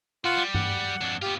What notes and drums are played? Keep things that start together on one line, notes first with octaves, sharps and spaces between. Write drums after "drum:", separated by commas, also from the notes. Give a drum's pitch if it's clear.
F4 F#4 B4 F#5
G3
F#5, drum: tom G2
F2 D4
B3 F4 G4